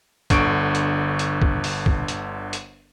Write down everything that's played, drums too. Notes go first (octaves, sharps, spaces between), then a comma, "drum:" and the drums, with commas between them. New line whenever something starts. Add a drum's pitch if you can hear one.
G1 D3 C#6 D7, drum: kick, hi-hat
drum: hi-hat
drum: hi-hat
drum: kick
drum: open hi-hat
drum: kick
drum: hi-hat
drum: hi-hat